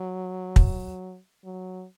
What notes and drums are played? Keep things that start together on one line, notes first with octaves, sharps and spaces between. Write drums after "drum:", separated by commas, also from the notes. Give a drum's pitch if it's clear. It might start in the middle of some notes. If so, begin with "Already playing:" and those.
Already playing: F#3
drum: kick
F#3